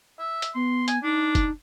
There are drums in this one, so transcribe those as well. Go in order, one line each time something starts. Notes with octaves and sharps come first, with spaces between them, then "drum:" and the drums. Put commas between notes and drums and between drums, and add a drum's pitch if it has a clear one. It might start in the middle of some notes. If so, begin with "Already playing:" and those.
E5
drum: hi-hat
B3 C6
G#5, drum: hi-hat
D4 D#4
drum: kick F1, hi-hat